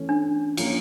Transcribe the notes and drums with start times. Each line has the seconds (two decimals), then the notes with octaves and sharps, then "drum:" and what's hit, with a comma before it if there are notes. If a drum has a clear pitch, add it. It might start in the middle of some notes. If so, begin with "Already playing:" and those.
Already playing: E3 A3 C#4
0.09 D4
0.57 F3 A#3 C#4 F4, drum: cymbal